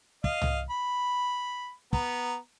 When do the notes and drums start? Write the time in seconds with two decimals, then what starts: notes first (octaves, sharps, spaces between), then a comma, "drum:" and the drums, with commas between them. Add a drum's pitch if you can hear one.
0.24 D#5 F5, drum: kick
0.42 drum: tom C2
0.70 B5
1.93 B3 A#5, drum: kick